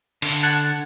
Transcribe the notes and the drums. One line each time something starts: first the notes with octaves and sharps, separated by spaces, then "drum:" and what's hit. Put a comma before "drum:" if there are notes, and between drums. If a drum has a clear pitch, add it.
D3, drum: open hi-hat
F#5 A5 G#6